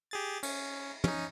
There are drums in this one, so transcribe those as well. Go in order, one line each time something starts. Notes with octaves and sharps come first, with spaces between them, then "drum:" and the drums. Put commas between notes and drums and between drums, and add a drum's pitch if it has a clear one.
G4 G#4 A6
C#4, drum: cymbal
C#4 D#4, drum: tom